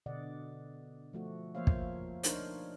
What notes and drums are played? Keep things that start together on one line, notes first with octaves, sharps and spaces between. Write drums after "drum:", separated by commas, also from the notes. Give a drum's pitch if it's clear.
B2 D3 D5 D#5 F#5
F3 A3 F#4
F3 A#3 C5 C#5 E5 F5
drum: kick
D4 D#4 A#4 C5 C#5, drum: hi-hat